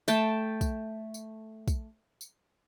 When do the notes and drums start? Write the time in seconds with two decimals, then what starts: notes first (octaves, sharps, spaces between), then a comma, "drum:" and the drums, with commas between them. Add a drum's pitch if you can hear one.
0.08 A3 G5 A5, drum: tambourine
0.61 drum: kick, tambourine
1.14 drum: tambourine
1.68 drum: kick, tambourine
2.21 drum: tambourine